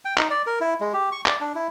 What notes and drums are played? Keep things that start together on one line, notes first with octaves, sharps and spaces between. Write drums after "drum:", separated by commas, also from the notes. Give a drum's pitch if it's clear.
G5
D#4, drum: clap
D5
A#4
E4
G#3
G4
C#6
D5, drum: clap
D4
E4